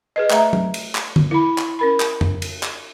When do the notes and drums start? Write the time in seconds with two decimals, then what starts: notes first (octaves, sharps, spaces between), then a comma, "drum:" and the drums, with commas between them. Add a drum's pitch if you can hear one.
0.16 G#4 B4 D#5
0.30 A3 E5 A#5, drum: clap
0.53 drum: tom
0.74 drum: cymbal
0.95 drum: clap
1.16 drum: tom D3
1.31 E4 B5
1.58 drum: clap
1.79 C#4 A#4 B5
2.00 drum: clap
2.21 drum: tom
2.42 drum: cymbal
2.63 drum: clap